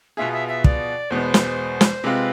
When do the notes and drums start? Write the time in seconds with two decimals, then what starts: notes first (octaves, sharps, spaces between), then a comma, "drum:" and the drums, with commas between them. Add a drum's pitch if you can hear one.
0.17 B2 B3 F4 G#4 E5
0.33 E5
0.48 E5
0.64 D5, drum: kick
1.10 E2 B2 G#3 B3 C5
1.34 drum: snare
1.81 drum: snare
2.04 C3 G#3 C4 F4 B4